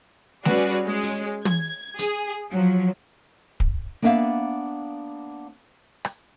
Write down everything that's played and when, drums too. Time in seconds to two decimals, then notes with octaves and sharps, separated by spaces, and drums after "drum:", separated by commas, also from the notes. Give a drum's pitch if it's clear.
0.45 G3 C#4 F#4 G#4 B4 D5, drum: snare A3
0.84 G#3 C#4
1.03 drum: open hi-hat
1.45 G#6, drum: tom
1.99 G#4, drum: hi-hat
2.52 F3 F#3
3.60 drum: kick
4.02 A#3 B3 D4 D5 E5 F5
6.05 drum: rim click